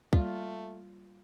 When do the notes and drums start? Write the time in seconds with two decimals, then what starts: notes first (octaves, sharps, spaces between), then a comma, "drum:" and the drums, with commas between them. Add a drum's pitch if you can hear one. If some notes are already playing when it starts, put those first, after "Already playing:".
0.13 G3 A3 A#3 F4, drum: kick